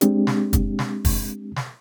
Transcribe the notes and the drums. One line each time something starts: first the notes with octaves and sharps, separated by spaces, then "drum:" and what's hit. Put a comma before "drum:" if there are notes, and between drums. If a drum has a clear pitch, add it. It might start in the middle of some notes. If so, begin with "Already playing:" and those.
G#3 C4 D4 G4, drum: hi-hat
drum: snare
drum: kick, hi-hat
drum: snare
drum: kick, open hi-hat
drum: snare